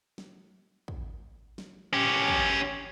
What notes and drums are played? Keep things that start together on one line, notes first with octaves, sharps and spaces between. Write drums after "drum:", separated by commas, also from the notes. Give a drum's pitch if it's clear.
drum: snare
drum: kick
drum: snare
C#4 G4
drum: kick